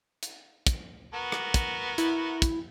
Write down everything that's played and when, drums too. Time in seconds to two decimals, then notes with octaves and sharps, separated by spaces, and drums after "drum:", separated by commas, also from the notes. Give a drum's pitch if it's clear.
0.23 drum: hi-hat
0.67 drum: kick, hi-hat
1.14 B3 F#4 A#4
1.32 drum: rim click
1.54 drum: kick, hi-hat
1.98 E4, drum: hi-hat
2.42 drum: kick, hi-hat